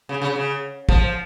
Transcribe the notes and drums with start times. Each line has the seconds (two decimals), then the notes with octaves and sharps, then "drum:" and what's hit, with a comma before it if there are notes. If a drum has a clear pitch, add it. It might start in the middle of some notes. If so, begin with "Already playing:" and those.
0.09 C#3
0.22 C#3
0.36 C#3
0.89 F3, drum: kick